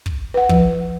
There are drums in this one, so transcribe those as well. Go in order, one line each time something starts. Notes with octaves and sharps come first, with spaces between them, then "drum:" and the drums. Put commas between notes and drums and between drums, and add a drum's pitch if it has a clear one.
drum: kick
B4 F#5
F3, drum: kick